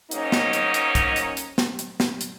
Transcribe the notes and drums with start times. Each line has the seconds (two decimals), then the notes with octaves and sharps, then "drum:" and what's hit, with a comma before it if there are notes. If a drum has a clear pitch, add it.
0.11 G#2 F#3 A#3 C#4 D#4, drum: hi-hat
0.32 drum: snare
0.53 drum: hi-hat
0.74 drum: hi-hat
0.95 drum: kick, hi-hat
1.16 drum: hi-hat
1.37 drum: hi-hat
1.58 drum: snare
1.79 drum: hi-hat
2.00 drum: snare
2.21 drum: hi-hat